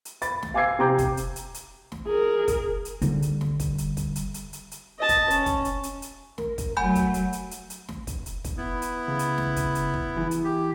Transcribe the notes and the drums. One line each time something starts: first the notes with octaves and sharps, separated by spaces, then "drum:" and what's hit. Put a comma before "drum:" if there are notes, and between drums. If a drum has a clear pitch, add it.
drum: hi-hat
B5 A6, drum: hi-hat
drum: snare
F5 G#5 D6 E6 G#6 C7
C3 G5 A#5 D6 G6
drum: kick, hi-hat
drum: hi-hat
drum: hi-hat
drum: hi-hat
drum: snare
G#4 A#4
drum: kick, hi-hat
drum: hi-hat
D3 G3, drum: hi-hat
drum: hi-hat
drum: snare
drum: kick, hi-hat
drum: hi-hat
drum: kick, hi-hat
drum: hi-hat
drum: hi-hat
drum: hi-hat
drum: hi-hat
D#5 A5
drum: kick, hi-hat
C#4, drum: hi-hat
drum: kick, hi-hat
drum: hi-hat
drum: hi-hat
drum: hi-hat
A#4, drum: snare
drum: kick, hi-hat
F#3 A3 F#5 G#5 B5 G6
drum: kick, hi-hat
drum: hi-hat
drum: hi-hat
drum: hi-hat
drum: hi-hat
drum: snare
drum: kick, hi-hat
drum: hi-hat
drum: kick, hi-hat
B3 E4
drum: hi-hat
C#2
drum: hi-hat
drum: snare
drum: kick, hi-hat
drum: hi-hat
drum: kick
E2 E3
drum: hi-hat
G4